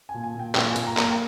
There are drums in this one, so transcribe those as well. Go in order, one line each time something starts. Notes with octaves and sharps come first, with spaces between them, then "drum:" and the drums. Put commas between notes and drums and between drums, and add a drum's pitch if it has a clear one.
G#5
A#2
G#5
A#2
G5
A#2 G5, drum: clap
G#5
A#2, drum: hi-hat
A#5
A#3 A#5, drum: clap
G5